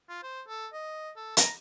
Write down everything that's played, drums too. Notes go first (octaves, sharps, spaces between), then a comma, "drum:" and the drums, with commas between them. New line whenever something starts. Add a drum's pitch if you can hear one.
F4
C5
A4
D#5
A4
A#5, drum: hi-hat